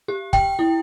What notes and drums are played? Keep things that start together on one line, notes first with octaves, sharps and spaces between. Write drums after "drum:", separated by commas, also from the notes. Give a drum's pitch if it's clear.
G4
G5, drum: kick
E4